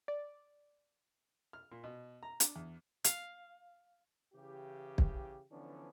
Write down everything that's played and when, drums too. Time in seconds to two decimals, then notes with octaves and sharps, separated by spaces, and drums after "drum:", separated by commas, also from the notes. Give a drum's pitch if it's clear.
0.08 D5
1.53 F6
1.72 A#2
1.84 B2
2.23 A#5
2.40 D4, drum: hi-hat
2.56 E2
3.04 F5, drum: hi-hat
4.34 C#3 E3 E4 G4
4.98 drum: kick
5.51 D3 E3 F3 B3 C#4 D4